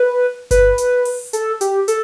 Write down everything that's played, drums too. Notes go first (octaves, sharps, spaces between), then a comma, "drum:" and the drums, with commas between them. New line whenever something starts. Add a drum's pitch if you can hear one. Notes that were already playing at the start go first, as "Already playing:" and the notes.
Already playing: B4
B4, drum: kick G1, hi-hat
drum: hi-hat
drum: open hi-hat
A4, drum: hi-hat
G4, drum: hi-hat
A4, drum: hi-hat